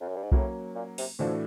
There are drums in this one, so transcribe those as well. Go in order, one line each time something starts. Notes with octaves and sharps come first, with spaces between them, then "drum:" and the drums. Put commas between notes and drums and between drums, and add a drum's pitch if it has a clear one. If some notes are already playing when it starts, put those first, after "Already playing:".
F2
F#2
G2
G#2
A2 F#3 A#3 C#4, drum: kick B1
A#2
C3, drum: open hi-hat
A2 E3 F3 A3 D4 F#4